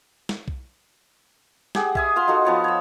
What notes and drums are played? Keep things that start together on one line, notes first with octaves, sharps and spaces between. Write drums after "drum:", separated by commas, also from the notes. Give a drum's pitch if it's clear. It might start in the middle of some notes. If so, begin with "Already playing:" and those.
drum: snare
drum: kick B1
G4 G#4 F#5, drum: snare
E5 G#5 D#6, drum: kick B1
F4 F5 C6
D#4 F4 F#4 A4
F3 B3 C#5
C#5 E6